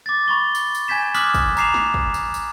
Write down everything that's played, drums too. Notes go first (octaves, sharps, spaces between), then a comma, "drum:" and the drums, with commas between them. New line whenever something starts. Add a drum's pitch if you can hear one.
D6 A6
B5 C#6 G7
drum: tambourine
drum: tambourine
G#5 G6 G#6 B6 E7
D6 D#6 F6 F#6 B6 F#7, drum: tambourine
drum: kick, tambourine
A#5 D6 C7 E7 F7, drum: tambourine
drum: snare
drum: kick
drum: tambourine
drum: tambourine